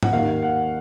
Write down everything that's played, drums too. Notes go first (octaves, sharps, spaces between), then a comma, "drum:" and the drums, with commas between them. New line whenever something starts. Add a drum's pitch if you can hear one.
F#5, drum: tom G#2
D#2 D#3 A#3 F5
F#5